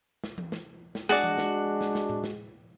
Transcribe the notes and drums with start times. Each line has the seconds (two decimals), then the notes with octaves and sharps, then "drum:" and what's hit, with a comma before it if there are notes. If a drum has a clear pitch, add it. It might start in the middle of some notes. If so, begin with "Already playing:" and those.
0.24 drum: snare
0.38 drum: tom E3
0.52 drum: snare
0.95 drum: snare
1.09 G#3 D4 F#4 G#4 D5, drum: snare
1.24 drum: tom E3
1.38 drum: snare
1.81 drum: snare
1.95 drum: snare
2.09 drum: tom A2
2.24 drum: snare